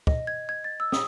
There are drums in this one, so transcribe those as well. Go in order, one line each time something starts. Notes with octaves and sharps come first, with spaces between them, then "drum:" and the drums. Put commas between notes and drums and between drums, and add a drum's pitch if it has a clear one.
D#5, drum: kick
G#6
G#6
A6
E6
D#6, drum: snare